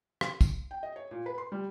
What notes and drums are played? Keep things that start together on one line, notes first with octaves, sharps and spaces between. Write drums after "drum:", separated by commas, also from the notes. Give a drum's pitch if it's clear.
drum: rim click
drum: kick, tambourine
G5
D#5
C#5
A#2
B4
C6
G3